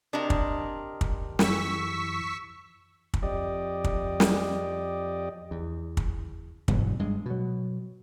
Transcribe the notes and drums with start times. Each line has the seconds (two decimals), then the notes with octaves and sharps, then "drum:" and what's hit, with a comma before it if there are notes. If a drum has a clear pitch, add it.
0.13 C3 D4 A#4 D#5
0.30 drum: kick
1.01 drum: kick
1.39 F#2 E3 C#6 E6 B6, drum: snare
3.14 drum: kick
3.23 F2 G4 D5 D#5
3.84 drum: kick
4.20 drum: snare
5.51 E2
5.97 drum: kick
6.68 G2 B2 E3 F#3, drum: kick
6.99 G2 G#3
7.26 B2 F#3